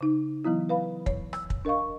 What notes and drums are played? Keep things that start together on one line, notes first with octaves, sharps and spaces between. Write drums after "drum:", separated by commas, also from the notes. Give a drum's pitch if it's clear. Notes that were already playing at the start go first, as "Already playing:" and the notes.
C#3 D#4
E3 F#3 B3 E4
B4 F5 B5
C#5, drum: kick
E6, drum: rim click
drum: kick
D4 A#4 D#5 F5 C#6